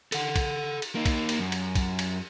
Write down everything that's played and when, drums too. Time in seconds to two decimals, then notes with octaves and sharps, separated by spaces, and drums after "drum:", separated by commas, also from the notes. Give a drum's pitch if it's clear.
0.12 A4 F#5, drum: cymbal
0.36 drum: kick A#1, cymbal
0.82 drum: cymbal
0.95 A#3 D#4
1.06 drum: kick A#1, cymbal
1.29 drum: cymbal
1.39 F#2
1.52 drum: cymbal
1.75 drum: kick A#1, cymbal
1.99 drum: cymbal